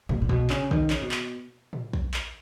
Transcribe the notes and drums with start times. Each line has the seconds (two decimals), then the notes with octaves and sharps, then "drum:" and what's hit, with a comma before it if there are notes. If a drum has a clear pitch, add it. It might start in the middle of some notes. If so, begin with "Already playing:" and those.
0.09 A#2, drum: tom
0.22 A#2
0.29 B2, drum: kick
0.50 C#3, drum: clap
0.71 D#3, drum: kick
0.90 C#3, drum: clap
1.02 B2
1.11 drum: clap
1.73 drum: tom
1.93 drum: kick
2.14 drum: clap